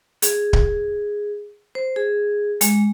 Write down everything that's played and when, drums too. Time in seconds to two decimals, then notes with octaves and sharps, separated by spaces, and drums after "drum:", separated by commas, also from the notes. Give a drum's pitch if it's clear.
0.22 G#4, drum: hi-hat
0.53 drum: kick D1
1.75 C5
1.96 G#4
2.61 G#3, drum: hi-hat